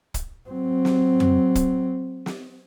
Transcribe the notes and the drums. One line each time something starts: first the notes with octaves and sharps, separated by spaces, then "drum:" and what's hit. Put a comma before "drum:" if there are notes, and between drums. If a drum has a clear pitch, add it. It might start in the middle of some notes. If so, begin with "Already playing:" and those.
drum: kick, hi-hat
F#3 C4
drum: snare
drum: tom F2
drum: kick, hi-hat
drum: snare